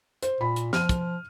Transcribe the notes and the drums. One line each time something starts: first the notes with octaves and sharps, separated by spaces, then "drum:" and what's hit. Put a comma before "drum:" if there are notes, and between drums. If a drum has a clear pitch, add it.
C5, drum: hi-hat
A#2 B5
drum: hi-hat
F3 F6 D#7, drum: snare
drum: kick, hi-hat